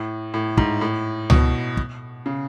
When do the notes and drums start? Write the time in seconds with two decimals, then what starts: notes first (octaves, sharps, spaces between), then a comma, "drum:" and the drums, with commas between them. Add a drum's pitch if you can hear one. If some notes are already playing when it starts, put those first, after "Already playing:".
Already playing: A2
0.34 A2
0.57 G#2, drum: kick
0.81 A2
1.30 B2, drum: tom C#2
1.77 drum: kick
2.26 C#3